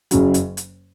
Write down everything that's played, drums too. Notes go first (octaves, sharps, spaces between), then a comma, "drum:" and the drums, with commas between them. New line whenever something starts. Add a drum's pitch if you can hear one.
F#1 F#2 C#3 F#3, drum: hi-hat
drum: hi-hat
drum: hi-hat